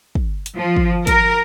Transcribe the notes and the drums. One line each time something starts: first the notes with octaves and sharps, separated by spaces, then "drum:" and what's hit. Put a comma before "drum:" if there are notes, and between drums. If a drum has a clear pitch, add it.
drum: kick
drum: hi-hat
F3
drum: kick
A#4, drum: kick, hi-hat